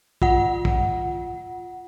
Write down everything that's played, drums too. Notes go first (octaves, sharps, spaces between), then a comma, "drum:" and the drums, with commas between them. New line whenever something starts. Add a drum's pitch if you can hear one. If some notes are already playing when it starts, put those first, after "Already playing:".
F4 F#5, drum: kick
drum: kick